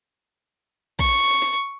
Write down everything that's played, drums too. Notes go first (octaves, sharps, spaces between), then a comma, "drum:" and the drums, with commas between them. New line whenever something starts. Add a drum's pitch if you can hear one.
C#6, drum: kick A#1
drum: snare